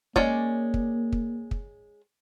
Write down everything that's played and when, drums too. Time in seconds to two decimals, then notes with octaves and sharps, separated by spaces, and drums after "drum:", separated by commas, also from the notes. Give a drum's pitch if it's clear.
0.16 G#3 A#3 C#4 D5, drum: kick
0.74 drum: kick
1.13 drum: kick
1.51 drum: kick